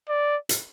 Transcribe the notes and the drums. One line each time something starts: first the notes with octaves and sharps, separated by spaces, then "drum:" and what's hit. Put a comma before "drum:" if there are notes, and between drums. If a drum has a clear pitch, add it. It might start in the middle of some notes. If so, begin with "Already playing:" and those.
D5
drum: hi-hat